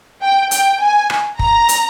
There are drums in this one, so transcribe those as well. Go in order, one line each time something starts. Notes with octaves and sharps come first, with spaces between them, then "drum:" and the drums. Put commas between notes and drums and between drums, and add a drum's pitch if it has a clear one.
G5
G5, drum: hi-hat
G#5
drum: rim click
A#5, drum: kick
drum: hi-hat